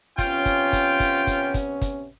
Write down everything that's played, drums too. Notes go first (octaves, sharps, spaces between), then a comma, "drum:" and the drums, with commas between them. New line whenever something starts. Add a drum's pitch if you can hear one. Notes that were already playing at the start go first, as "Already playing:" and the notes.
C3 B3 C#4 F4 G5, drum: kick, hi-hat
drum: kick, hi-hat
drum: kick, hi-hat
drum: kick, hi-hat
drum: kick, hi-hat
drum: kick, hi-hat
drum: kick, hi-hat